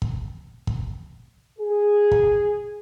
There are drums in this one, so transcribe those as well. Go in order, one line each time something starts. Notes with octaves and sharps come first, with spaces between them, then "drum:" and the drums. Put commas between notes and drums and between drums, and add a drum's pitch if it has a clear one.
drum: kick
drum: kick
G#4
drum: kick